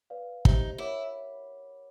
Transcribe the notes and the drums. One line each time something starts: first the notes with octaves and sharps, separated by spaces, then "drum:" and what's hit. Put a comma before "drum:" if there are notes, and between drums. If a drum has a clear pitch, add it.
B4 D5 F5
D#4 G4 C5 E5, drum: kick
E4 A#4 C#5 F#5 B5 D6